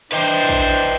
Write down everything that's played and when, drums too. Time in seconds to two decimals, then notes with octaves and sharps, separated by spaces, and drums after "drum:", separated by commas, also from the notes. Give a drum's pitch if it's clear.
0.12 D4 B4 C5 D#5 G5
0.49 drum: kick